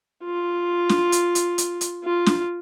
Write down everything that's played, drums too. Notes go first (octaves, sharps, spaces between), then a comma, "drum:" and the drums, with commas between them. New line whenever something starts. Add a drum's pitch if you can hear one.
F4
drum: snare
drum: hi-hat
drum: hi-hat
drum: hi-hat
drum: hi-hat
F4
drum: snare